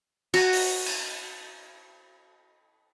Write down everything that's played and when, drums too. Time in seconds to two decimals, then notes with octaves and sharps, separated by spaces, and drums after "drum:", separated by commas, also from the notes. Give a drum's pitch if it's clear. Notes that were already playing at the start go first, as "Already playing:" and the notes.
0.34 F#4 A#5, drum: cymbal
0.53 drum: open hi-hat
0.86 drum: cymbal